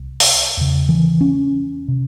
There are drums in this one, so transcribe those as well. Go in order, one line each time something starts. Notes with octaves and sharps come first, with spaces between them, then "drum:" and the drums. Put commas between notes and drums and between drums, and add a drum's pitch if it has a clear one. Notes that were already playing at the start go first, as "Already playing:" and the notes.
Already playing: C2
drum: open hi-hat
E2 C#3
E3
C#4
C3